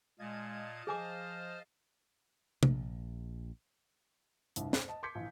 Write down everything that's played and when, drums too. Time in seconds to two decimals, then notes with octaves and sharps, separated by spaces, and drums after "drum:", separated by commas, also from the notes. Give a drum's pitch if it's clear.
0.20 A#2 G#3 D#5 F5 A5 G#6
0.87 F3 G#4 C5 G#5 D6 F6
2.63 A#1, drum: tom C3
4.56 F1 C2 G2, drum: hi-hat
4.73 C5, drum: snare
4.88 D#5 A5
5.03 C6 D6 G6 G#6 B6 C#7
5.15 A#1 E3